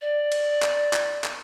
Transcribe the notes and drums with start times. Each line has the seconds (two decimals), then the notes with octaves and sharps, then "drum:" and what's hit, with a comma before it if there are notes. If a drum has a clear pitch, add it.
0.01 D5
0.32 drum: cymbal
0.62 drum: clap
0.93 drum: clap
1.24 drum: clap